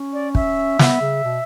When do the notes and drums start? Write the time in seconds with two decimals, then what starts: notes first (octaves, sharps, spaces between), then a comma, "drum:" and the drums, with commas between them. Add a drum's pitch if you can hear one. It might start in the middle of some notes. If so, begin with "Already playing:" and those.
Already playing: C#4
0.13 D5
0.35 E5, drum: kick
0.79 B3, drum: snare
1.01 C#3
1.24 B2